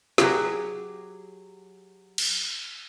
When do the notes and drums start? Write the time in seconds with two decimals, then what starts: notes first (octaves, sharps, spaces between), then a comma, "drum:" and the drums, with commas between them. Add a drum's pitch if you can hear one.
0.18 F#3 C4 G4 G#4, drum: snare
2.18 drum: cymbal